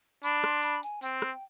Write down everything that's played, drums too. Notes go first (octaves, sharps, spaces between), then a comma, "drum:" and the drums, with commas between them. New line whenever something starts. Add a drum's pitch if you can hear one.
D4 B5, drum: tambourine
C6, drum: rim click
B5, drum: tambourine
G#5, drum: tambourine
C4 G5, drum: tambourine
drum: rim click